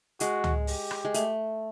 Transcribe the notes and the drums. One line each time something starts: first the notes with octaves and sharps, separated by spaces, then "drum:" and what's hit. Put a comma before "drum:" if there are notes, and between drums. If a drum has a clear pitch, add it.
G#3 F#4, drum: hi-hat
drum: tom C#2
G4, drum: open hi-hat
drum: rim click
G#3
A3, drum: hi-hat